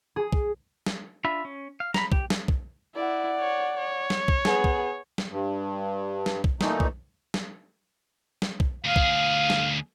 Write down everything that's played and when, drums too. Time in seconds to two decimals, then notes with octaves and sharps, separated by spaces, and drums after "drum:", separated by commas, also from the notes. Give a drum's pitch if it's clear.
0.16 G#4
0.33 drum: kick
0.86 drum: snare
1.24 D4 F4 E5 B5
1.45 C#4
1.80 F5
1.94 A#5 B5, drum: snare
2.12 G4, drum: kick
2.30 drum: snare
2.48 drum: kick
2.95 E4 D5 F#5
3.40 C#5
3.78 C#5
4.10 drum: snare
4.28 drum: kick
4.45 B3 G#4, drum: snare
4.64 drum: kick
5.18 drum: snare
5.31 G2
6.26 drum: snare
6.44 drum: kick
6.61 A#2 E3 A3 D#4, drum: snare
6.80 drum: kick
7.34 drum: snare
8.42 drum: snare
8.60 drum: kick
8.85 D2 G#4 F5
8.96 drum: kick
9.50 drum: snare